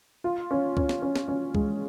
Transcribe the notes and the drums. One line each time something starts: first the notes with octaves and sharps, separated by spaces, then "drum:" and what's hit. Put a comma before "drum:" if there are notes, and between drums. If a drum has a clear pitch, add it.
F4
C#4
C#4, drum: kick C#2
drum: snare
C#4
drum: snare
C#4
G#3, drum: kick C#2